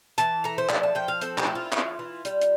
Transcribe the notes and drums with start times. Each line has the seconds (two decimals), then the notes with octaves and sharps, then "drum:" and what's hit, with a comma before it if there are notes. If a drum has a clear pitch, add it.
0.18 E3 A5, drum: hi-hat
0.44 A3 A#5
0.58 C5
0.69 F3 D5, drum: clap
0.83 A5
0.95 F3 G5
1.08 F5
1.21 C4 A4, drum: hi-hat
1.38 G4, drum: clap
1.47 E4
1.55 F4
1.72 E3, drum: clap
1.99 E3
2.25 G3, drum: hi-hat
2.41 drum: hi-hat